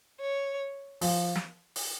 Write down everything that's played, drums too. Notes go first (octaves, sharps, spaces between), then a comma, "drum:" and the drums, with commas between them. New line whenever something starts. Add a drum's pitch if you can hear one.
C#5
F3, drum: open hi-hat
drum: snare
drum: open hi-hat